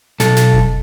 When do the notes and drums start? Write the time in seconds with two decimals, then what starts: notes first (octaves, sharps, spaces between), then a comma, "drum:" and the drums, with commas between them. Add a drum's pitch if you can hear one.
0.20 B1 A4, drum: snare
0.36 drum: snare
0.53 drum: kick F1